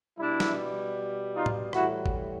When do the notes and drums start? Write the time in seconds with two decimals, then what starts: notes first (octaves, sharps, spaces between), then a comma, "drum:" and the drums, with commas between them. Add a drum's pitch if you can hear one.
0.19 B2 G3 D4 E4
0.40 drum: snare
1.34 D#4 F4
1.46 drum: tom A2
1.73 A2 E3 G3 E4 F#4, drum: rim click
2.06 drum: kick